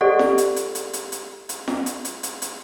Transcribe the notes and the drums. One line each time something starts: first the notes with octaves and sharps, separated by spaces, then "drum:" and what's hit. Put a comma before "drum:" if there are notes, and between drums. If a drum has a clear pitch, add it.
G4 A4 C5 D5 D#5 F#5
drum: snare
drum: hi-hat
drum: hi-hat
drum: hi-hat
drum: hi-hat
drum: hi-hat
drum: hi-hat
drum: snare
drum: hi-hat
drum: hi-hat
drum: hi-hat
drum: hi-hat